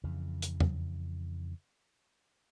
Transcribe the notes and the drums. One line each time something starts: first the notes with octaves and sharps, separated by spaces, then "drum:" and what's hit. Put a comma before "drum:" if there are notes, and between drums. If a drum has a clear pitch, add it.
F2 C#3 E3
drum: hi-hat
drum: tom E2